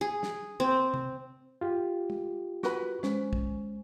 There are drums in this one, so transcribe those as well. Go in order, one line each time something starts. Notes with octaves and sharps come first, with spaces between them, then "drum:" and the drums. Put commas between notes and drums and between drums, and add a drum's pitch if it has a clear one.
G#4
drum: snare
C4
drum: tom
F4 G4
drum: tom
F#4 B4 B5, drum: snare
G#3 C#4 C5, drum: snare
drum: kick